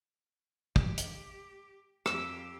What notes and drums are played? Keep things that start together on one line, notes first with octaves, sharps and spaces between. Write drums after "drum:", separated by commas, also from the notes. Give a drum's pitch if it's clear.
G4, drum: kick
drum: hi-hat
F2 G4 E6, drum: rim click